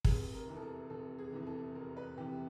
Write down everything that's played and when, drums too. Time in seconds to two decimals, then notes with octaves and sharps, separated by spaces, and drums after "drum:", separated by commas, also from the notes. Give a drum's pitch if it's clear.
0.05 F1 G#4, drum: kick
0.33 A#4
0.48 E2 C3 E3
0.56 A4
0.61 A#4
0.90 F1 A4
1.18 G#4
1.33 E2 C3 E3
1.47 A4
1.75 F1 A#4
1.97 B4
2.17 E2 C3 E3 G4